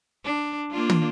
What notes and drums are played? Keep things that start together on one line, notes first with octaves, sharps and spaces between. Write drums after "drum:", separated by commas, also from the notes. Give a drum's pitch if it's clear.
D4
A#3 D4 F4
drum: tom